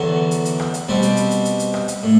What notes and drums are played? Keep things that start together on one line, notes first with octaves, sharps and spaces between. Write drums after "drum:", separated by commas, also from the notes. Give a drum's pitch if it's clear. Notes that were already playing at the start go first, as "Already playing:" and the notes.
Already playing: E2 D3 F#3 B3 F#4
drum: hi-hat
drum: hi-hat
drum: rim click
drum: hi-hat
B2 G3 C4
drum: hi-hat
drum: hi-hat
drum: hi-hat
drum: hi-hat
drum: hi-hat
drum: rim click
drum: hi-hat
A2